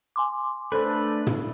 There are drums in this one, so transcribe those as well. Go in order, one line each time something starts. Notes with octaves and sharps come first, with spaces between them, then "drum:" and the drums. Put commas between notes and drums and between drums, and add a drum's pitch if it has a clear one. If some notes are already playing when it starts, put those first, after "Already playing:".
G#5 C6 D6
A3 D4 A4 B4 C5
drum: tom